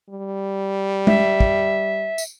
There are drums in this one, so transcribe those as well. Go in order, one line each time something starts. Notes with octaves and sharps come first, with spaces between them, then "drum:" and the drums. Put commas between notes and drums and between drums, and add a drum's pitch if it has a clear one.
G3
E5, drum: tom G#3
drum: kick
drum: tambourine